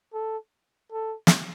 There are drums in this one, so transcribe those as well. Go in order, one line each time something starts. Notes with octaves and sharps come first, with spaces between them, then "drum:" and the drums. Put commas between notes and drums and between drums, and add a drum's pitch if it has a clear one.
A4
A4
drum: snare